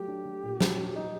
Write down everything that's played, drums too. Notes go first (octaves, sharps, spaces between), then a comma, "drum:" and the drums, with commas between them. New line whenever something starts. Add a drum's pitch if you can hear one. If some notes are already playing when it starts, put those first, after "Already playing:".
Already playing: F#3 A3 G4
D4
A3
A#2
F#3, drum: snare
F#3
D#4